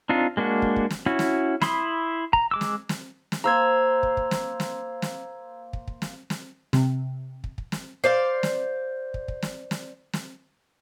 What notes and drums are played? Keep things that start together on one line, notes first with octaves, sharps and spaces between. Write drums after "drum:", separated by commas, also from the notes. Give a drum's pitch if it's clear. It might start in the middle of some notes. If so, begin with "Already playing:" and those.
C4 D4 D#4 F4
G#3 A#3 D4 F#4
drum: kick
drum: kick
drum: snare
C#4 E4 F#4
drum: snare
E4 B5 C6 D#6, drum: snare
A#5, drum: kick
G#3 D6 E6
drum: snare
drum: snare
drum: snare
A#3 C5 A#5 E6 G#6
drum: kick
drum: kick
drum: snare
drum: snare
drum: snare
drum: kick
drum: kick
drum: snare
drum: snare
C3, drum: snare
drum: kick
drum: kick
drum: snare
C5 D5 F5
drum: snare
drum: kick
drum: kick
drum: snare
drum: snare
drum: snare